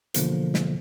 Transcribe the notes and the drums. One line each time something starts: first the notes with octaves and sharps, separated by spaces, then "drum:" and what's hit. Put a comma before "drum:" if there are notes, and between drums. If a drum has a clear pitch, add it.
B2 D3 E3 F3 A#3 B3, drum: hi-hat
drum: snare